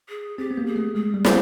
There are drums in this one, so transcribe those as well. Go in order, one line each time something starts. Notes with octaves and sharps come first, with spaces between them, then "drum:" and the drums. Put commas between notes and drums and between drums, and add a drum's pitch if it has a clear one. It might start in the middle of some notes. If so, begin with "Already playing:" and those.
G#4
C4 G4
B3
A#3
G#4
A3
G#3 G#4
G3
G#4, drum: snare